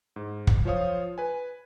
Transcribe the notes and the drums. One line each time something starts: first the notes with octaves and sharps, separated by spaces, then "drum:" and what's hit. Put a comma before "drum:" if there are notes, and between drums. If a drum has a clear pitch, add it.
G#2
drum: kick
F3 F4 C5 C#5 F5 D#6
B4 G#5